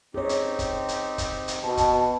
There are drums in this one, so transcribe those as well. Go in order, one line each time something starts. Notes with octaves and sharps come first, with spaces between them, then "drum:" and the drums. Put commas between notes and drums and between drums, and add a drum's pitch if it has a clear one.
C4 D#4 G4 G#4 C#5
drum: hi-hat
drum: kick, hi-hat
drum: hi-hat
drum: kick, hi-hat
drum: hi-hat
B2 A5
drum: kick, hi-hat